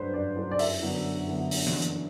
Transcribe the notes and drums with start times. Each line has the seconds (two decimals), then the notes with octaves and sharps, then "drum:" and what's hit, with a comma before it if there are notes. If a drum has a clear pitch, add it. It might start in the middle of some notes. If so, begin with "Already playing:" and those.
Already playing: G2 F#3 A3 D4 B4 C5
0.13 G2 D5
0.36 F#3 A3 D4
0.51 D5
0.59 F#2 E5, drum: open hi-hat
0.82 D3 F#3 B3 D4
1.05 F#2
1.28 D3 F#3 B3 D4
1.51 drum: open hi-hat
1.66 drum: tom E3
1.82 drum: hi-hat